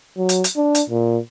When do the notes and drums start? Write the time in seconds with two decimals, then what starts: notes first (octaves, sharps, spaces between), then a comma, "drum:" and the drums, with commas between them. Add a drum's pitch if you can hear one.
0.18 F#3
0.29 drum: hi-hat
0.44 drum: hi-hat
0.57 D4
0.75 drum: hi-hat
0.90 A#2